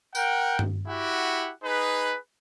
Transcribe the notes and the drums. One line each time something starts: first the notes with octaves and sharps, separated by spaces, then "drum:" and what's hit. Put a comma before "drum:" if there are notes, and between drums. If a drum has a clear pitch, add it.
A#4 F#5 G5, drum: tambourine
drum: tom G2
E4 F#4 G4 F#5
D#4 G#4 B4